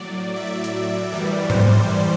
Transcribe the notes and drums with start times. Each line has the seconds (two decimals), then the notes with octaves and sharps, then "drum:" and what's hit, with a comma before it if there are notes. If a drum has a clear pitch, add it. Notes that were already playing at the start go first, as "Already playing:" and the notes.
Already playing: A2 F#3 D5
0.36 E5
0.64 drum: hi-hat
1.12 F#2 E3 G3 D5
1.50 C5, drum: tom G#2